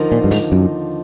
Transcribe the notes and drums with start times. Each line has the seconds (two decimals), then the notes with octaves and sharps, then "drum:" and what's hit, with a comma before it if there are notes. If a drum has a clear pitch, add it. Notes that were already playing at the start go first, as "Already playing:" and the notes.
Already playing: D#2 D3 F3 A#3 D#4
0.12 A#2
0.24 G2
0.31 G#2, drum: open hi-hat
0.52 F#2